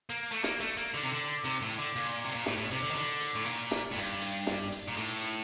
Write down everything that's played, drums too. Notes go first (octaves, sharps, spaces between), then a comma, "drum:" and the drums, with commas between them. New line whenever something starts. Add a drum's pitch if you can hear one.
A#3
A3
A#3, drum: snare
A3
A#3
D3, drum: hi-hat
C3
D3
C3, drum: hi-hat
A2
D3
A#2, drum: hi-hat
C3
A#2
A2, drum: snare
A2
C3, drum: hi-hat
D3
D#3
D3, drum: hi-hat
drum: hi-hat
A2
A#2, drum: hi-hat
drum: snare
A2
G2, drum: hi-hat
drum: hi-hat
drum: snare
drum: hi-hat
A#2
A2, drum: hi-hat
drum: hi-hat